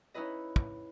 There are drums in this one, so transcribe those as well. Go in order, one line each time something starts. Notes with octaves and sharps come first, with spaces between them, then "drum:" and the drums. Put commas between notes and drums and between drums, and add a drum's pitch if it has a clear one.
C#4 D#4 E4 B4 D#5
drum: kick